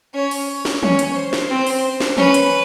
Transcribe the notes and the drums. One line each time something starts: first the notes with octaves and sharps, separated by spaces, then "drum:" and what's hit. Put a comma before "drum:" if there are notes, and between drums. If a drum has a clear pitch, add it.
C#4 C#5
drum: open hi-hat
C#5
drum: snare
C#4, drum: tom
drum: hi-hat
C5
drum: snare
C4
drum: open hi-hat
drum: snare
C#4 B4, drum: tom
drum: hi-hat